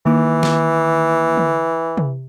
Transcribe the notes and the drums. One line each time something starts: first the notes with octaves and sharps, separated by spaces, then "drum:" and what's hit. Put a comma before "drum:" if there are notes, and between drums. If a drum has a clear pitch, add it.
D#3 E3 A#3 D6
drum: snare
drum: tom D3
drum: tom C3